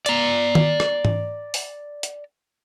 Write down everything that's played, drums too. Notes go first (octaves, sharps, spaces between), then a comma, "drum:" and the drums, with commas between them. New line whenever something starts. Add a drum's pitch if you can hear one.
D5 A#5, drum: hi-hat
drum: tom D#3
drum: rim click
drum: tom G#2
drum: open hi-hat
drum: hi-hat